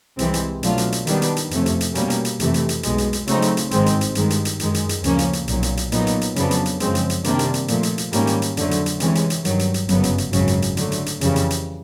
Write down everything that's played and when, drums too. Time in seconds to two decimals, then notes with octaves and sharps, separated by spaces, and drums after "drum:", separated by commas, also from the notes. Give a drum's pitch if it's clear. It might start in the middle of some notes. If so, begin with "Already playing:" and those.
0.19 C2 C3 E3 G#3 C4, drum: hi-hat
0.34 drum: hi-hat
0.63 B2 F#3 A3 D4 F4, drum: hi-hat
0.78 drum: hi-hat
0.92 drum: hi-hat
1.07 D#3 G3 B3 D4, drum: hi-hat
1.22 drum: hi-hat
1.36 drum: hi-hat
1.51 F2 C3 F3 A3 C#4, drum: hi-hat
1.66 drum: hi-hat
1.81 drum: hi-hat
1.95 B2 G3 A#3 C#4, drum: hi-hat
2.10 drum: hi-hat
2.25 drum: hi-hat
2.40 F2 C3 E3 A3, drum: hi-hat
2.54 drum: hi-hat
2.69 drum: hi-hat
2.83 B1 B2 G#3, drum: hi-hat
2.98 drum: hi-hat
3.13 drum: hi-hat
3.27 C#3 F#3 A3 C4 D#4, drum: hi-hat
3.42 drum: hi-hat
3.57 drum: hi-hat
3.71 G#1 G2 D#3 G#3 C4, drum: hi-hat
3.86 drum: hi-hat
4.01 drum: hi-hat
4.15 G2 D#3 G#3, drum: hi-hat
4.30 drum: hi-hat
4.45 drum: hi-hat
4.60 F#2 D#3 G#3, drum: hi-hat
4.74 drum: hi-hat
4.89 drum: hi-hat
5.04 D2 C#3 F3 A#3 C#4, drum: hi-hat
5.19 drum: hi-hat
5.33 drum: hi-hat
5.48 B1 A#2 F#3, drum: hi-hat
5.63 drum: hi-hat
5.77 drum: hi-hat
5.92 A#2 F#3 B3 D#4, drum: hi-hat
6.07 drum: hi-hat
6.21 drum: hi-hat
6.36 F2 C#3 F#3 B3 D4, drum: hi-hat
6.51 drum: hi-hat
6.65 drum: hi-hat
6.80 F#2 C#3 F3 G#3 C4, drum: hi-hat
6.95 drum: hi-hat
7.10 drum: hi-hat
7.24 C3 D#3 G3 A#3 D4, drum: hi-hat
7.39 drum: hi-hat
7.54 drum: hi-hat
7.68 A#2 F3 A3, drum: hi-hat
7.83 drum: hi-hat
7.98 drum: hi-hat
8.13 G#2 D#3 G3 A#3 C#4, drum: hi-hat
8.27 drum: hi-hat
8.42 drum: hi-hat
8.57 F2 D3 F#3 A3, drum: hi-hat
8.71 drum: hi-hat
8.86 drum: hi-hat
9.00 C3 E3 G#3 C#4, drum: hi-hat
9.15 drum: hi-hat
9.30 drum: hi-hat
9.45 G2 D#3 F#3, drum: hi-hat
9.59 drum: hi-hat
9.74 drum: hi-hat
9.89 G1 F#2 C#3 F#3 B3, drum: hi-hat
10.03 drum: hi-hat
10.18 drum: hi-hat
10.33 G#1 F#2 C#3 F#3, drum: hi-hat
10.48 drum: hi-hat
10.62 drum: hi-hat
10.77 D3 F#3 A3, drum: hi-hat
10.92 drum: hi-hat
11.06 drum: hi-hat
11.21 F2 C#3 E3 G3, drum: hi-hat
11.36 drum: hi-hat
11.50 drum: hi-hat